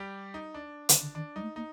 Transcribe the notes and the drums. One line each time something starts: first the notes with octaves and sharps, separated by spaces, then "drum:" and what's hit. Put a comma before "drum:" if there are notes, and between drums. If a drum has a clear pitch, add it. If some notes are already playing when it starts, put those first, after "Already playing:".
Already playing: G3 G4
D#4
D4
D3, drum: hi-hat
D3
D#3 D4
G3 D#4
A3
A#3 D#4